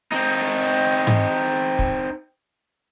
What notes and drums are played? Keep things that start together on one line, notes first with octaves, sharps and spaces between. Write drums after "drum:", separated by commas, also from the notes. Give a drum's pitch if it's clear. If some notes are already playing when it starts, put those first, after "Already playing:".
C4 D#4
drum: tom G#2
drum: kick